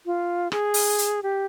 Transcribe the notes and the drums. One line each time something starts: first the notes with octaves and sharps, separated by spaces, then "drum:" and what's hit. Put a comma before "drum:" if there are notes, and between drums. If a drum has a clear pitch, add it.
F4
G#4, drum: rim click
drum: open hi-hat
drum: hi-hat
G4